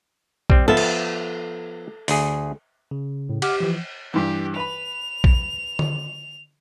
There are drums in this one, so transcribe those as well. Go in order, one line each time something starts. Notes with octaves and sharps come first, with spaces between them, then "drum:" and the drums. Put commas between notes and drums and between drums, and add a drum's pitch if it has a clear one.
G3 C4, drum: kick A#1
F3 B3 A4 E5
drum: cymbal
D2 G#4, drum: open hi-hat
C#3
A2
G4 F#5 D6 F6, drum: cymbal
E3 F3
G2 E3 G4
B4 B5 F7
drum: kick A#1
drum: tom D3